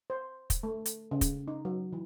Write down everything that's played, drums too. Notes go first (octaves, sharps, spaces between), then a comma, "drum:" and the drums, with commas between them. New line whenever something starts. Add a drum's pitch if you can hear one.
C5
drum: kick, hi-hat
A3
drum: hi-hat
C#3
drum: kick, hi-hat
D#4
F#3
E3